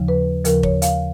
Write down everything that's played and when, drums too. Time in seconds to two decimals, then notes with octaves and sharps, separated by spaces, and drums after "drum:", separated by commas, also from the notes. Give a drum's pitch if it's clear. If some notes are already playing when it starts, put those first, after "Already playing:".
Already playing: D#2 C#3 F3
0.08 B4
0.45 D#2 C#3 F3 A#4, drum: hi-hat
0.63 C#5, drum: kick
0.82 F5, drum: hi-hat